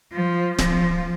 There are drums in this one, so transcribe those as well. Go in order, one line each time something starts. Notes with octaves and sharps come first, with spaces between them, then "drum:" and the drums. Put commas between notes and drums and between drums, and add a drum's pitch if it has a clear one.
F3
F3, drum: snare D1